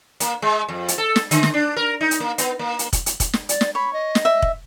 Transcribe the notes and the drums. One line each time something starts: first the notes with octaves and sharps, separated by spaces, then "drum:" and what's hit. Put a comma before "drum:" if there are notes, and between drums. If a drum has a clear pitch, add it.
A#3, drum: hi-hat
G#3
F2
drum: hi-hat
A4
drum: snare
D3, drum: hi-hat
drum: snare
D4
A#4
D#4
drum: hi-hat
A#3
B3, drum: hi-hat
A#3
drum: hi-hat
drum: kick, hi-hat
drum: hi-hat
drum: kick, hi-hat
drum: snare
D5, drum: hi-hat
drum: snare
C#5 B5
D#5
drum: snare
E5
drum: kick